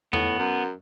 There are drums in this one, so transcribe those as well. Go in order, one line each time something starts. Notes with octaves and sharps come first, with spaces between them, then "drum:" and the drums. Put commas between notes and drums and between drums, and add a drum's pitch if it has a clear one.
A2 B3, drum: tom E2
F#2